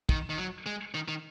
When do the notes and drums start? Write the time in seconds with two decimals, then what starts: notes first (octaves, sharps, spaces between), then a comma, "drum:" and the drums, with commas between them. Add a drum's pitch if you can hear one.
0.09 D#3, drum: kick
0.30 D#3
0.37 F#3
0.66 G#3
0.94 D#3
1.08 D#3